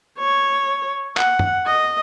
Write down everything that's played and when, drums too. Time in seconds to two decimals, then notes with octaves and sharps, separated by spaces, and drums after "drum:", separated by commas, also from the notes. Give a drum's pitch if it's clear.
0.19 C#5
1.17 F#5, drum: clap
1.39 drum: tom F#2
1.66 D#5